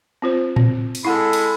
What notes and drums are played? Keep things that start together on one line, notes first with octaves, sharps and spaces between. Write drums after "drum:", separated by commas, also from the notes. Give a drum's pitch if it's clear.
C4 F4 C5
C4, drum: tom A2
drum: cymbal
G#3 E4 A4 F#5 B5
drum: cymbal